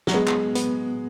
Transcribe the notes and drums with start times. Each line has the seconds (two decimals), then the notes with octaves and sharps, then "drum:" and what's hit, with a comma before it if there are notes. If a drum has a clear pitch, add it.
0.07 F#3, drum: snare
0.14 G#3 B3
0.27 drum: clap
0.55 B3, drum: hi-hat